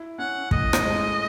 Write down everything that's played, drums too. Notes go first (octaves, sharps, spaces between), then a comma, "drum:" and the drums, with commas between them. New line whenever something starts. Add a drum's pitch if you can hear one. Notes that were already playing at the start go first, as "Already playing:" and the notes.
Already playing: E4
C#4 F#5
A2 D#5, drum: kick
drum: rim click
G#3